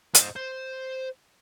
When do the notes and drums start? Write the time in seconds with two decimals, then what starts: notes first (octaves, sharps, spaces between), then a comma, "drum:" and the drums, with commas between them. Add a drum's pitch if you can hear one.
0.15 C5 D#5, drum: hi-hat
0.36 C5